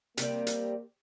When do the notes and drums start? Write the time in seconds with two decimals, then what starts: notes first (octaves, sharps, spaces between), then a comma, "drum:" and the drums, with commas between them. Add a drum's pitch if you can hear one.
0.17 C3 E3 G3 A#3, drum: hi-hat
0.47 drum: hi-hat